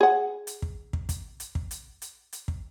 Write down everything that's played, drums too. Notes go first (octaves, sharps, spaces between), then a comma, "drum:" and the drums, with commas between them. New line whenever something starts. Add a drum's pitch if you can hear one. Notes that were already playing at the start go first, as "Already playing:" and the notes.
G#4 F#5
drum: hi-hat
drum: kick
drum: kick
drum: kick, hi-hat
drum: hi-hat
drum: kick
drum: hi-hat
drum: hi-hat
drum: hi-hat
drum: kick